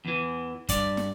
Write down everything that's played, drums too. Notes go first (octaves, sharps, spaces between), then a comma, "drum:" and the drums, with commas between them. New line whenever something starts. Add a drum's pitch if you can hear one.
E2 E3
G2 D5, drum: kick, hi-hat
drum: snare